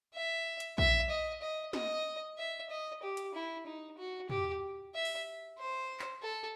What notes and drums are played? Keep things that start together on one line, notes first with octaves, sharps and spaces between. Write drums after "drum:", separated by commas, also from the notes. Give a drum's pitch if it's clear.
E5
drum: hi-hat
E5, drum: kick A#1
D#5
D#5
D#5, drum: snare
E5
D#5
G4
drum: hi-hat
E4
D#4
F#4
G4, drum: tom
E5
drum: open hi-hat
C5
drum: clap
A4